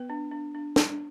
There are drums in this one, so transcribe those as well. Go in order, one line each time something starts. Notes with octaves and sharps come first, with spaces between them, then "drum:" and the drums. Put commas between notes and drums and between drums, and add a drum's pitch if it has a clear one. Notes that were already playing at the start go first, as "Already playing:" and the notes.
Already playing: B3 B4
D4
D4
D4
D4, drum: snare